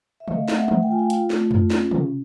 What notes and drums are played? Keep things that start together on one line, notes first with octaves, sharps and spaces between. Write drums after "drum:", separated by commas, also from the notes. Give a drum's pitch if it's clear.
E5
A3 D#5 F5, drum: tom C#3
A3, drum: snare
E5 F#5
A3, drum: tom D#3
G5
F4 G#5
F5 G5
F4, drum: hi-hat
A3, drum: snare
F4, drum: tom F2
C#4, drum: snare
C#4, drum: tom